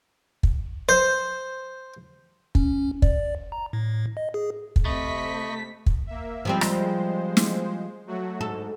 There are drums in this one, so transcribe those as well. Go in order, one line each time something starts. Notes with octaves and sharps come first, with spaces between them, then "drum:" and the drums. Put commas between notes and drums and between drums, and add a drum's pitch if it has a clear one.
drum: kick
C5
C#4, drum: kick
D5, drum: kick
A#5
A2
D#5
G#4
drum: kick
C3 A3 D#5 B5 C#6 B6
drum: kick
A#3 E5
F3 G3 G#3 C4 C5
drum: rim click
drum: snare
F#3 A3 F#4
G#2 A4